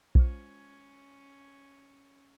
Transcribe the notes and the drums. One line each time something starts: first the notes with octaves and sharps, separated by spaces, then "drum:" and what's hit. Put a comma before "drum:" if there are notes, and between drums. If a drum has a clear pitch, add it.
G#3 C#4 F4 C5, drum: kick